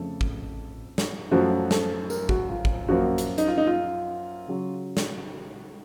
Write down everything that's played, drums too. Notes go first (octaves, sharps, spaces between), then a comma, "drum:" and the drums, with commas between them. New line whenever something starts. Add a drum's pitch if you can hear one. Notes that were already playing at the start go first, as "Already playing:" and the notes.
Already playing: F2 C#3 A3 A4
drum: kick
drum: snare
F#2 F3 A3 F#4
A4, drum: snare
A#4, drum: tambourine
F#4, drum: kick
F4
drum: kick
F#2 F3 A#3 F#4
drum: hi-hat
D#4, drum: hi-hat
F4
D#4
F4
C#3 F#3
drum: snare